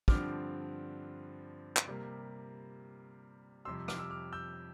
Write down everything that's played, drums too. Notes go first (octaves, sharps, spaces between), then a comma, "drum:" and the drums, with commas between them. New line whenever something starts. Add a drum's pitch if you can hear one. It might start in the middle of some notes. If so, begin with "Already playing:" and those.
G2 D3 F3 C4 D6 F6, drum: kick
drum: clap
C3 G3 A#3
F2 C3 G3 C6 E6
D6 F6, drum: rim click
E6
D6 F6
E6 G6